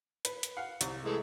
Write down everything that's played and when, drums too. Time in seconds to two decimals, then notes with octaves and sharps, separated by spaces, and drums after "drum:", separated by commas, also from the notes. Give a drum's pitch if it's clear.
0.25 B4, drum: hi-hat
0.43 drum: hi-hat
0.57 F5 F#5
0.81 C2, drum: hi-hat
1.05 E3 G#3 A3